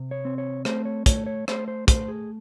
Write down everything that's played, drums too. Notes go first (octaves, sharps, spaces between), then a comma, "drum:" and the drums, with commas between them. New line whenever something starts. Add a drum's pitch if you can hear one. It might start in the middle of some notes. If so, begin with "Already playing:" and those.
Already playing: C3
C#5
C4
C#5
A3 C5, drum: rim click
C#5
A3 C#5, drum: kick, hi-hat
C#5
A3 C5, drum: rim click
C5
A3 C5, drum: kick, hi-hat
G#4